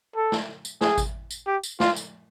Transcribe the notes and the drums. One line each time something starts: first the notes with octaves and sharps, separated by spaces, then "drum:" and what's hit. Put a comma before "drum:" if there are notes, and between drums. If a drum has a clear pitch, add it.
A4
drum: snare
drum: tambourine
G#4, drum: snare
drum: kick G#1, tambourine
drum: tambourine
G4
drum: tambourine
F4, drum: snare
drum: tambourine